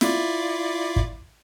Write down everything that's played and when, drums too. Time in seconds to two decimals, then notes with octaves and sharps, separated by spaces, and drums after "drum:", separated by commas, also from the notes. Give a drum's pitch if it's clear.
0.01 E4 F4 D5, drum: snare
0.96 drum: kick